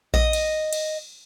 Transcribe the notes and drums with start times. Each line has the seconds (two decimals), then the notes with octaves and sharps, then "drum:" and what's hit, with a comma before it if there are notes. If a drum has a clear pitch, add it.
0.14 D#5, drum: kick A#1
0.33 drum: cymbal
0.73 drum: cymbal